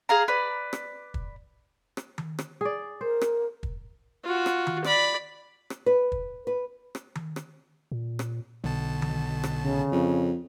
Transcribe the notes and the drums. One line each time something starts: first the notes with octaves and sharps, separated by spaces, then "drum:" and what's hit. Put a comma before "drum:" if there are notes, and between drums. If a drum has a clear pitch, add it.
G#4 F5 A#5
B4 D5
drum: rim click
drum: kick
drum: rim click
drum: tom D#3
drum: rim click
G#4 D5
A#4 C5
drum: rim click
drum: kick
F4 F#4
drum: rim click
drum: tom D#3
D5 B5, drum: rim click
drum: rim click
B4
drum: kick
B4
drum: rim click
drum: tom D#3
drum: rim click
A#2
drum: rim click
B1 B2 D3 A5
drum: tom D#3
drum: rim click
C#3
F2